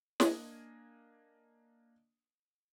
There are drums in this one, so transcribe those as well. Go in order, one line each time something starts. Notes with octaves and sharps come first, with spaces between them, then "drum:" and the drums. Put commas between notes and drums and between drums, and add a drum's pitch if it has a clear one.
A#3 D4 D#5 G#5 D#6 G#6, drum: snare